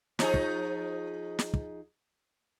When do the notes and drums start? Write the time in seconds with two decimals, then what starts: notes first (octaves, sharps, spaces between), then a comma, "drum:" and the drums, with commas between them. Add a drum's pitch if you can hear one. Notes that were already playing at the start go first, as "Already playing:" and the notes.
0.19 F3 D#4 G#4, drum: snare
0.34 drum: kick
1.39 drum: snare
1.54 drum: kick